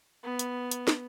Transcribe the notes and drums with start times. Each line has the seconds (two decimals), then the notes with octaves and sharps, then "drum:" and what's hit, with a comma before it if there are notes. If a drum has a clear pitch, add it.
0.23 B3
0.39 drum: hi-hat
0.71 drum: hi-hat
0.88 drum: snare